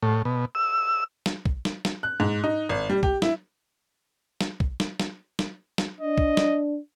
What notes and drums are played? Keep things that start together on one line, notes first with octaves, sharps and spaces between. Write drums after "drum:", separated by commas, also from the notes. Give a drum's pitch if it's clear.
A2
B2
E6
drum: snare
drum: kick
drum: snare
drum: snare
F#6
G#2
D#4
G#1
G3
G4, drum: kick
E4, drum: snare
drum: snare
drum: kick
drum: snare
drum: snare
drum: snare
drum: snare
D4 D#5
drum: kick
drum: snare